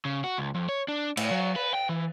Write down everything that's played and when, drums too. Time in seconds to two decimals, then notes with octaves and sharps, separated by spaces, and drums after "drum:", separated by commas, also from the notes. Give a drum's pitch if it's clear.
0.05 C#3
0.24 F#4
0.38 C#2
0.55 F2
0.69 C#5
0.88 D4
1.17 A2, drum: cymbal
1.31 F#3
1.56 B4
1.74 G5
1.89 E3